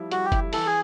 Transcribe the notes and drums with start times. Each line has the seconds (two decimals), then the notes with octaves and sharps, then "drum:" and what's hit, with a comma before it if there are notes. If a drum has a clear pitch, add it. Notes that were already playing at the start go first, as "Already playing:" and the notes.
Already playing: F3 G3 E4
0.11 G3 F#4, drum: hi-hat
0.25 G4
0.32 E4, drum: kick F#1, hi-hat
0.53 E3 A4, drum: open hi-hat
0.66 G#4